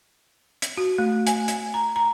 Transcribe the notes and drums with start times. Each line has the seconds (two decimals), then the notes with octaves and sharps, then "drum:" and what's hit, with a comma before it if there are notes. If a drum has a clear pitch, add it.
0.62 drum: hi-hat
0.77 F#4
0.98 A3
1.27 G#5, drum: hi-hat
1.48 drum: hi-hat
1.74 A#5
1.96 A#5